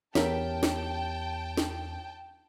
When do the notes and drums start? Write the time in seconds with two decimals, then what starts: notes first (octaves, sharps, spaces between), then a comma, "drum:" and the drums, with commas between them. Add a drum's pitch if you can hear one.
0.15 E2 G4 A#4 C#5 E5 G5 A5, drum: snare
0.63 drum: snare
1.57 drum: snare